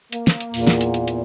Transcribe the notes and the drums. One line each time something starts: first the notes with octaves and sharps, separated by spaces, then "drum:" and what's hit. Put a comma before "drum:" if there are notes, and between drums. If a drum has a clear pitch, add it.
A#3, drum: hi-hat
drum: snare
drum: hi-hat
E2 A#2, drum: open hi-hat
drum: snare
drum: hi-hat
drum: hi-hat
drum: hi-hat